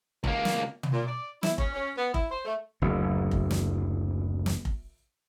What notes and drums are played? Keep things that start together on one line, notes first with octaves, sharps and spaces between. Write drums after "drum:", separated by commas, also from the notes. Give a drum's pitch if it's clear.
C#2 A#3, drum: kick F1
drum: snare
drum: tom
A#2
D5
E4, drum: snare
C#4, drum: kick F1
C#4
B3
E4, drum: kick F1
C5
A3
F#1 D2
drum: kick F1
drum: snare
drum: snare
drum: kick F1